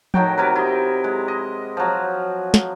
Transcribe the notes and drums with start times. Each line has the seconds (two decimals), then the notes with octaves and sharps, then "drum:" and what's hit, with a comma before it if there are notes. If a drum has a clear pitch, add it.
0.14 A2 D#3 F#3 G5, drum: tom F3
0.38 C3 E4 A#4 B4
0.55 E4 D#5
1.04 G#3
1.28 D#5
1.77 F3 F#3
2.54 drum: snare